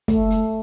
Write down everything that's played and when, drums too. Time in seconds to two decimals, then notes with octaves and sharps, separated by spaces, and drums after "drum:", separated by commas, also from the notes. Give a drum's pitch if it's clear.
0.08 A3, drum: kick, hi-hat
0.30 drum: hi-hat